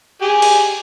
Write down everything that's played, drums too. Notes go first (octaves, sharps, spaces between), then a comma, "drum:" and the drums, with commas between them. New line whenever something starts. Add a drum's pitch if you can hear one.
G4 G#4 G#5
drum: cymbal